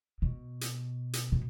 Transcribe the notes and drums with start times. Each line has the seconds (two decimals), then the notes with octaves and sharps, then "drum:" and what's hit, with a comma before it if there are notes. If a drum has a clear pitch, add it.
0.22 B2
0.61 drum: hi-hat
1.13 drum: hi-hat
1.32 B2